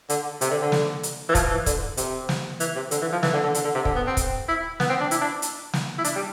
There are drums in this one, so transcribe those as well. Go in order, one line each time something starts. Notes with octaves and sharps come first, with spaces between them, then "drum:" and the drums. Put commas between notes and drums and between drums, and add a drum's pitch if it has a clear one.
D3, drum: hi-hat
C3, drum: hi-hat
D3
D3
drum: snare
drum: hi-hat
E3
F3, drum: kick, hi-hat
E3
D3, drum: kick, hi-hat
C3, drum: hi-hat
drum: snare
E3, drum: hi-hat
C3
D3, drum: hi-hat
E3
F3
E3, drum: snare
D3
D3
D3, drum: hi-hat
D3
C3
D3, drum: kick
B3
C4
drum: kick, hi-hat
E4
B3, drum: snare
C4
D4
E4, drum: hi-hat
D4
drum: hi-hat
drum: snare
E4
D4, drum: hi-hat
G3